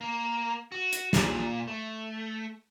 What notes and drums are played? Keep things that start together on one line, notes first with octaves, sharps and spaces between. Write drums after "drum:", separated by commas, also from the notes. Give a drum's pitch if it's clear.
A#3
F#4
drum: hi-hat
A#2, drum: snare
A3